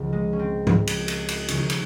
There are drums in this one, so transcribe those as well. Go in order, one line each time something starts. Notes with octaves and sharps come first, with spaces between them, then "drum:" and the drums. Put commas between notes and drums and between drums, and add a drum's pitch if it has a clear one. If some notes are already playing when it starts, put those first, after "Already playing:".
Already playing: C#2 C#3 F3
G#3
C#4
C4
drum: tom G#2
drum: cymbal
drum: cymbal
drum: cymbal
D#2 C#3 F3 C#4, drum: cymbal
drum: cymbal